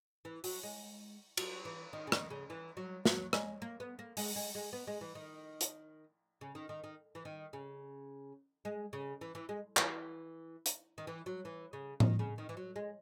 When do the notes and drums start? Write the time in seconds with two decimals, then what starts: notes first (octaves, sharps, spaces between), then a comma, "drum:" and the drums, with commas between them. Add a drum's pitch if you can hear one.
0.25 E3
0.44 F#3, drum: open hi-hat
0.63 G#3
1.37 F#3, drum: cymbal
1.65 E3
1.93 D#3
2.07 C#3
2.12 D#3, drum: rim click
2.30 C#3
2.50 E3
2.77 F#3
3.05 F#3, drum: snare
3.33 G#3, drum: rim click
3.62 A#3
3.80 B3
3.99 A#3
4.17 G#3, drum: open hi-hat
4.36 G#3
4.55 G#3
4.73 B3
4.87 G#3
5.01 E3
5.15 D#3
5.61 drum: hi-hat
6.41 C#3
6.55 D#3
6.69 D#3
6.84 D#3
7.15 E3
7.25 D#3
7.53 C#3
8.65 G#3
8.93 C#3
9.21 E3
9.35 E3
9.49 G#3
9.77 E3, drum: clap
10.66 drum: hi-hat
10.98 D#3
11.07 E3
11.26 F#3
11.45 E3
11.73 C#3
12.00 D#3, drum: tom A2
12.19 C#3
12.38 D#3
12.49 E3
12.57 F#3
12.76 G#3